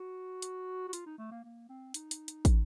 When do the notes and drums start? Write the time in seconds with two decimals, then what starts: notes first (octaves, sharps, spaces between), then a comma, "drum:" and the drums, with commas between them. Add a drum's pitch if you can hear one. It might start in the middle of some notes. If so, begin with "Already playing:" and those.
Already playing: F#4
0.42 drum: hi-hat
0.88 F#4
0.93 F4, drum: hi-hat
1.06 D#4
1.18 A3
1.31 A#3
1.44 A#3
1.69 C4
1.94 D#4, drum: hi-hat
2.11 drum: hi-hat
2.28 drum: hi-hat
2.45 drum: kick, hi-hat